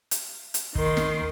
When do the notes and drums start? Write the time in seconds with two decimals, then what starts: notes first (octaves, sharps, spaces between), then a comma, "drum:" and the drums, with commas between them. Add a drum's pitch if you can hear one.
0.11 drum: hi-hat
0.54 drum: hi-hat
0.75 D#2 D#3 C6, drum: kick
0.97 drum: snare